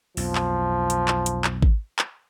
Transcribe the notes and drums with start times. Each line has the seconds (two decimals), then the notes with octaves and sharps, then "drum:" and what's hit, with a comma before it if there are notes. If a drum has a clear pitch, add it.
0.17 B1 F2 F3, drum: open hi-hat
0.35 drum: clap
0.90 drum: hi-hat
1.08 drum: clap
1.26 drum: hi-hat
1.44 drum: clap
1.62 drum: kick G#1
1.99 drum: clap